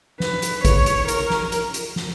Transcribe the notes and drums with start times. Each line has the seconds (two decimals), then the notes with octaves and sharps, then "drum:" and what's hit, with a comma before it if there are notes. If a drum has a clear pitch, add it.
0.20 B4, drum: snare
0.42 drum: hi-hat
0.65 C#5, drum: kick, hi-hat
0.86 drum: hi-hat
1.08 A#4, drum: hi-hat
1.30 drum: snare
1.52 drum: hi-hat
1.74 drum: hi-hat
1.96 drum: snare